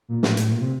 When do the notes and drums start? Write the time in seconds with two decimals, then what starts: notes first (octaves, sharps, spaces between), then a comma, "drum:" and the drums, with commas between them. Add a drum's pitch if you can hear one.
0.09 A#2
0.23 A2, drum: snare
0.37 A2, drum: hi-hat
0.52 A#2
0.61 C3